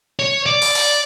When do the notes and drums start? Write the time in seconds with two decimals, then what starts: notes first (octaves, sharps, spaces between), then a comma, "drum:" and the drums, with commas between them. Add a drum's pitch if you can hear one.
0.19 C#5
0.46 D5
0.62 drum: open hi-hat
0.75 drum: open hi-hat